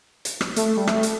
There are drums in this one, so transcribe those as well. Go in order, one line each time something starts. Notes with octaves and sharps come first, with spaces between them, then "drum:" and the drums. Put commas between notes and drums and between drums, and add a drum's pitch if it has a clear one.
drum: hi-hat
drum: rim click
A3, drum: hi-hat
G3
A3, drum: rim click
drum: hi-hat